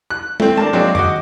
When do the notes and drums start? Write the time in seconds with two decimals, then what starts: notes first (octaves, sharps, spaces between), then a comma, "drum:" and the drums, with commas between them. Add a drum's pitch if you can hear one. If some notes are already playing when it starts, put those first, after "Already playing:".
0.10 F#6
0.40 A3 C4, drum: tom G#3
0.57 D4 A#4 A5
0.73 F#3 G#3 A#3 C4 D4
0.95 F#4 D#5 D6, drum: tom F2